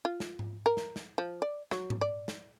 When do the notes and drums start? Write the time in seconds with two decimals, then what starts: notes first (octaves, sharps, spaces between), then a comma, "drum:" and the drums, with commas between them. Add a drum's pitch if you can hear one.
0.05 F4
0.20 drum: snare
0.39 drum: tom G#2
0.66 A#4
0.77 drum: snare
0.96 drum: snare
1.18 F3
1.42 D5
1.71 F#3, drum: snare
1.90 drum: tom G#2
2.01 D5
2.28 drum: snare